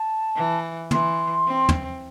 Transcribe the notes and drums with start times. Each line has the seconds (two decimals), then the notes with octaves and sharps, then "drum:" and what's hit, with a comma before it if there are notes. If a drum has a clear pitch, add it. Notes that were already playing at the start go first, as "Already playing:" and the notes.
Already playing: A5
0.36 E3
0.91 E3 C6, drum: tom
1.47 C4
1.69 drum: tom